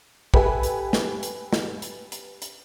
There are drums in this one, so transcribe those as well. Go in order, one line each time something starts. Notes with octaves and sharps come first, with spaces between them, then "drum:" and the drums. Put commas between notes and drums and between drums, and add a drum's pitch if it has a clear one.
G4 A4 B4 E5 G5 G#5, drum: kick
drum: hi-hat
drum: snare
drum: hi-hat
drum: snare
drum: hi-hat
drum: hi-hat
drum: hi-hat